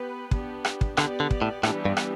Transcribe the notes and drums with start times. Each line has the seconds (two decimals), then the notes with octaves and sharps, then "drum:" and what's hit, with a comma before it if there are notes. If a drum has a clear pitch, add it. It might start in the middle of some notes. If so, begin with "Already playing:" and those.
Already playing: B3 G4 B4
0.31 B3 D4 G4, drum: kick
0.65 drum: rim click
0.81 drum: kick
0.97 D3 B3 G4 D5, drum: rim click
1.20 D3
1.31 drum: kick
1.42 A2
1.63 A2 E3 G3 B3 D4 G4, drum: rim click
1.85 G2
1.97 drum: rim click